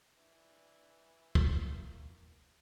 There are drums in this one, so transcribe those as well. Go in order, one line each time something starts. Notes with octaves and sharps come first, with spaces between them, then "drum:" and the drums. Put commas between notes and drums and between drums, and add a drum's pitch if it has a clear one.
E3 D4
A#3, drum: kick